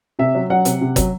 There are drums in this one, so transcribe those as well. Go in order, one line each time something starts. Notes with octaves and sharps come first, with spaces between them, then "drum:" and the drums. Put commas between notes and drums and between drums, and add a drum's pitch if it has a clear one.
C3 E5
F#3
F#3 F#5
C3, drum: hi-hat
C3
F#3, drum: kick, hi-hat